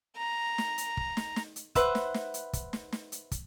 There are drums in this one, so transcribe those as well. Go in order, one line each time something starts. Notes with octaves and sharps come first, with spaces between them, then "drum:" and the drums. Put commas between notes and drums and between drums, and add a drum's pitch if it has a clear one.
A#5
drum: snare
drum: hi-hat
drum: kick
drum: snare
drum: snare
drum: hi-hat
B4 C5 E5 F#5, drum: kick, hi-hat
drum: snare
drum: snare
drum: hi-hat
drum: kick, hi-hat
drum: snare
drum: snare
drum: hi-hat
drum: kick, hi-hat